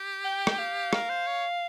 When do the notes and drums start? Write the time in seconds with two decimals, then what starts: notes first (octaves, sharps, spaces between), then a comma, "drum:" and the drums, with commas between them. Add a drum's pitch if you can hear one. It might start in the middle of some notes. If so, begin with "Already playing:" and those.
Already playing: G4
0.24 G5
0.47 drum: rim click
0.58 F5
0.93 A#4, drum: rim click
1.09 C5
1.27 C#5